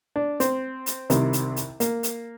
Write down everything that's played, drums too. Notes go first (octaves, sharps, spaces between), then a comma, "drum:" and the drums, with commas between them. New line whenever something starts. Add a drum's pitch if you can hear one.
D4
C4, drum: hi-hat
drum: hi-hat
C2 C3 D#3, drum: hi-hat
drum: hi-hat
drum: hi-hat
A#3, drum: hi-hat
drum: hi-hat